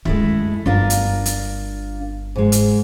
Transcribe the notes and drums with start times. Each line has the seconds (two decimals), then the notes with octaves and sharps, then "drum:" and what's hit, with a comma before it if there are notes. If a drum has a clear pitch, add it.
0.05 F#2 D#3 G#3 A3 E4, drum: kick
0.66 G1 D4 F4 A#4
0.90 drum: hi-hat
1.26 drum: hi-hat
2.36 G#2 G#3
2.52 drum: hi-hat